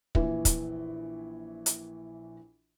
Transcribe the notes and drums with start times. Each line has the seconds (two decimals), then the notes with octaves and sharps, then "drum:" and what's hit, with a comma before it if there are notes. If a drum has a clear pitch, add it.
0.15 A#1 E3 E4, drum: kick
0.45 drum: kick, hi-hat
1.66 drum: hi-hat